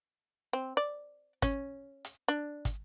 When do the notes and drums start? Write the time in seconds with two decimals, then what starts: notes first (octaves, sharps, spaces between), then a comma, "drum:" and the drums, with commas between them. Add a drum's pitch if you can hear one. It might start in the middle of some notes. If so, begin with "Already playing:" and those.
0.53 C4
0.77 D5
1.42 C#4, drum: kick, hi-hat
2.05 drum: hi-hat
2.28 D4
2.65 drum: kick, hi-hat